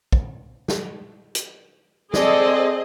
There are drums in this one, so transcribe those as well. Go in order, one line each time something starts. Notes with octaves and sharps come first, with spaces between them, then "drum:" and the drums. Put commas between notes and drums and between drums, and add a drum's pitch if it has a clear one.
drum: kick
drum: snare
drum: hi-hat
C4 G#4 A4 D5 D#5, drum: snare